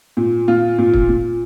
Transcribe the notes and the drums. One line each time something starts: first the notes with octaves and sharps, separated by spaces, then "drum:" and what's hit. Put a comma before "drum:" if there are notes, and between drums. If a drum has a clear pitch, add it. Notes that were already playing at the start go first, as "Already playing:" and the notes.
A#2
A#2 F4
A#2
drum: kick
A#2